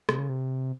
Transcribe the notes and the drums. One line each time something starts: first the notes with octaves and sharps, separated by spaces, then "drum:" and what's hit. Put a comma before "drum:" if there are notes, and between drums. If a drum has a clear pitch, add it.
C3, drum: rim click
C#3
C3